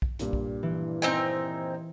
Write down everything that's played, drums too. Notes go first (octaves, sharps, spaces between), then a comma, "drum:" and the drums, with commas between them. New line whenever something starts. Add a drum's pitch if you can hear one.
drum: kick
G2 A#2 G3, drum: hi-hat
drum: kick
E3
C4 D#4 G#5